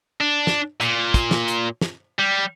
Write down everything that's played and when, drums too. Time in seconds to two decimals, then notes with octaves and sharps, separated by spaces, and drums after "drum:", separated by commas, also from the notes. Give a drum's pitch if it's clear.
0.21 D4
0.47 drum: snare
0.81 A#2, drum: hi-hat
1.14 drum: kick, hi-hat
1.31 drum: snare
1.48 drum: hi-hat
1.81 drum: snare
2.19 G3